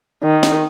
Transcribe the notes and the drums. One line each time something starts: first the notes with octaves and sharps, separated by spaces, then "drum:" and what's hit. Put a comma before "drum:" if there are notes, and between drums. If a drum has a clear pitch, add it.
D#3
drum: snare